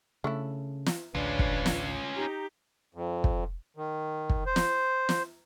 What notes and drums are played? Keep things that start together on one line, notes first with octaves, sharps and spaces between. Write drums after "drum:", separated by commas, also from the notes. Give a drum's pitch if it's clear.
C#3 A3 D4 E4
drum: snare
A1 D2 C#4 D4 F4 B4 C#5
drum: kick
drum: snare
D#4 G4 A#5
F2
drum: kick
D#3
drum: kick
C5
drum: snare
drum: snare